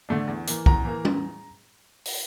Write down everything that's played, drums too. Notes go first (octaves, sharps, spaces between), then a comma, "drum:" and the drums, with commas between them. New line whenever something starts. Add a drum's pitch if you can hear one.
D3 A3 D4
E2
E3 A#3, drum: hi-hat
E2 A#5, drum: kick
E3 A#3
E2, drum: tom G3
drum: open hi-hat